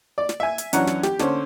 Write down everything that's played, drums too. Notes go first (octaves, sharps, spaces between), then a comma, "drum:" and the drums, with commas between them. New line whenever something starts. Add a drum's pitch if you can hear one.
D5
drum: snare
E5 G#5
drum: hi-hat
F#2 E3 C#4 D4 F#5 A#5, drum: hi-hat
drum: snare
G4, drum: snare
D3 C#4 C5, drum: snare